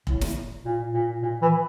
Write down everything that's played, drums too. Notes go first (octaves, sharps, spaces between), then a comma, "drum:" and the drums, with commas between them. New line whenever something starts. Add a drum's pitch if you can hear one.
A2, drum: kick
drum: snare
A#2
A#2
A#2
E3